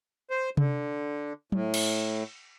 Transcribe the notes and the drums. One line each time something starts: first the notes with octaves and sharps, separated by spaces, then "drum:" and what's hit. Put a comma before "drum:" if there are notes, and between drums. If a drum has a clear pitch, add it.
C5
D3, drum: tom C3
A2, drum: tom F#3
drum: cymbal